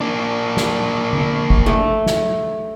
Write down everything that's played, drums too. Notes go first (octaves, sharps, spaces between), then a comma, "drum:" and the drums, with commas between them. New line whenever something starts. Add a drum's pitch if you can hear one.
A#3 D4
drum: snare
drum: tom D3
drum: kick
A3
drum: snare